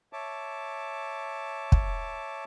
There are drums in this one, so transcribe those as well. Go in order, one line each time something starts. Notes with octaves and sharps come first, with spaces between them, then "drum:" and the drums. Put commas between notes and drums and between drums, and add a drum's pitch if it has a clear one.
C#5 E5 A5 D6
drum: kick